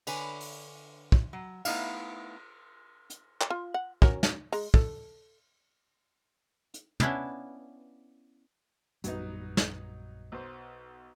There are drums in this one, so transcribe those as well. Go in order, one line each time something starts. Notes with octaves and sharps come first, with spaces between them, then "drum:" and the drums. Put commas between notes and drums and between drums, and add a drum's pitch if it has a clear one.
D3 B4 C#5 G#5, drum: cymbal
drum: open hi-hat
drum: kick
F#3
A3 B3 D#4 E4 F5, drum: cymbal
drum: hi-hat
drum: clap
F4
F#5
F#3 C#4 A#4, drum: kick
drum: snare
G#3 A#5, drum: open hi-hat
A4, drum: kick
drum: hi-hat
B3 C#4 D4 E4 F5 A5, drum: tom
A#1 F#2 F#3 G3 B3 D#4, drum: hi-hat
drum: snare
B1 C5